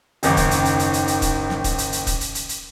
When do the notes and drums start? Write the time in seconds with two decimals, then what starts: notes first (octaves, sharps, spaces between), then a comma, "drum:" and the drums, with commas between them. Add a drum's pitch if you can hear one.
0.23 F#1 D#2 D#3, drum: hi-hat
0.37 drum: kick, hi-hat
0.51 drum: hi-hat
0.65 drum: hi-hat
0.79 drum: hi-hat
0.93 drum: hi-hat
1.08 drum: hi-hat
1.22 drum: kick, hi-hat
1.50 drum: snare
1.64 drum: kick, hi-hat
1.78 drum: hi-hat
1.92 drum: hi-hat
2.07 drum: kick, hi-hat
2.21 drum: hi-hat
2.35 drum: hi-hat
2.49 drum: hi-hat